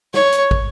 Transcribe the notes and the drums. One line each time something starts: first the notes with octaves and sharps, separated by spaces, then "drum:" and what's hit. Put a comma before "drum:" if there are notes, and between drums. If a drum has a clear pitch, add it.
C#5, drum: snare
drum: hi-hat
drum: kick